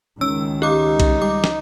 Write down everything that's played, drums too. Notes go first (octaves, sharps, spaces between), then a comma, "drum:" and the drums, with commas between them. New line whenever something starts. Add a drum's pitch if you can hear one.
C#2 D#3 C#4 E6
D#4 G4 D6
drum: kick B1, cymbal
G3 D6
drum: snare